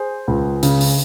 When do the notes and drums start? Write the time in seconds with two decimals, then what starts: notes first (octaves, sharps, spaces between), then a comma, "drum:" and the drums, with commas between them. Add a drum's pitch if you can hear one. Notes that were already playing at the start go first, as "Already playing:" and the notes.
Already playing: G#4 C5
0.28 C#2
0.63 C#3, drum: hi-hat
0.81 drum: open hi-hat